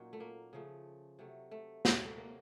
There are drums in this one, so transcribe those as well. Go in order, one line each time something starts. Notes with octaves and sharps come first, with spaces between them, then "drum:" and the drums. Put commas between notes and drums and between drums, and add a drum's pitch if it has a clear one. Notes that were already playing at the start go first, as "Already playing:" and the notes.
Already playing: A#2 F#3 C#4 D#4
A3
A#3
C#3 F3 A3
C3 F#3 A3
A3
C3 F#3 A3, drum: snare
A3
A#3